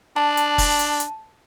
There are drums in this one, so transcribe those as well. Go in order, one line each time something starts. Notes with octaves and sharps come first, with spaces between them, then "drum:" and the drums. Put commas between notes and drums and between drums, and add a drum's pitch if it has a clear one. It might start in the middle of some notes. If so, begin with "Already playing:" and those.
D4 A5
drum: hi-hat
drum: kick F1, open hi-hat
drum: hi-hat
drum: hi-hat